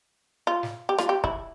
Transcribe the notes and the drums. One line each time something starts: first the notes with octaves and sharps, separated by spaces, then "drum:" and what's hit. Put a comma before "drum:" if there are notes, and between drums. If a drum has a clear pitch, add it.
F4
drum: snare
G4
F4, drum: rim click
G4
E4, drum: kick